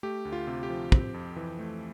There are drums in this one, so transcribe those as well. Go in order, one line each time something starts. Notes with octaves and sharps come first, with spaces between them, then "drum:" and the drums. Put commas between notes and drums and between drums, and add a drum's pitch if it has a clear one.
A3 G4
D2
F4
C3
G4
F3
C4, drum: kick
F2
E3
A3